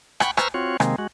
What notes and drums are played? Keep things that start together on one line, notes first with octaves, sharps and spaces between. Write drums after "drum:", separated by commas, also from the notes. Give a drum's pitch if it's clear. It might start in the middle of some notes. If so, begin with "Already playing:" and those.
F#5 G5 B5 C#6, drum: rim click
B4 C5 A#5 C#6 E6 F6, drum: rim click
C4 F4 F#4 C#5
C3 D#3 G#3 A#3 C4, drum: rim click
G#3 F#4